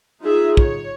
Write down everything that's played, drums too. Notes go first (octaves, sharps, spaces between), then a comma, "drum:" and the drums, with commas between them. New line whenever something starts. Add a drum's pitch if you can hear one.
D#4 F4 G#4 E5
C#5, drum: kick